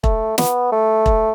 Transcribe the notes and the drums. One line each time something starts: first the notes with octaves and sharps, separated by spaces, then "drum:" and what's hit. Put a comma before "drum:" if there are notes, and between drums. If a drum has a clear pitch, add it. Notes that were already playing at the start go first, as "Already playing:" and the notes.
A3, drum: kick E1
B3, drum: snare
A3
drum: kick E1